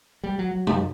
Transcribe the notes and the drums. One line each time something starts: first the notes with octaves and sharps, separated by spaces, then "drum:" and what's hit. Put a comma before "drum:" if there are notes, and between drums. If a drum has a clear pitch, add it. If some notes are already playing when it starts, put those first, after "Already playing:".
G3
F#3
F#3
F#2, drum: tom